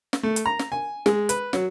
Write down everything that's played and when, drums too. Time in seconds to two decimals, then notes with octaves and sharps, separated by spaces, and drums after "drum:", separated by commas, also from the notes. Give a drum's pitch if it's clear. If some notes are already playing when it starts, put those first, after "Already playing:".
0.13 drum: snare
0.23 A3
0.36 drum: hi-hat
0.46 A#5
0.59 drum: snare
0.72 G#5
1.06 G#3, drum: snare
1.29 B4, drum: hi-hat
1.53 F#3, drum: snare